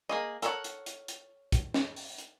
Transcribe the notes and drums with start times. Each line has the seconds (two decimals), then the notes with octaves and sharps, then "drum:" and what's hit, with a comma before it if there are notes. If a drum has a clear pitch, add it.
0.09 A#3 G#4 D#5
0.42 A4 A#4 C#5 D#5 F#5, drum: hi-hat
0.64 drum: hi-hat
0.86 drum: hi-hat
1.08 drum: hi-hat
1.52 drum: kick, hi-hat
1.74 drum: snare
1.96 drum: open hi-hat
2.18 drum: hi-hat